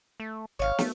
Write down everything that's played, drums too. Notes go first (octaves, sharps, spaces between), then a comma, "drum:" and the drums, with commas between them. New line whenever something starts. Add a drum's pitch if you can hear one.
A3
G#1 C#5 F5
A3, drum: snare